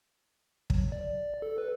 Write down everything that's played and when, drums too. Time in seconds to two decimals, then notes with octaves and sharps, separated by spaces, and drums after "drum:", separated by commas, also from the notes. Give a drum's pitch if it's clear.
0.70 F#3, drum: kick
0.92 D5
1.42 A4
1.58 B4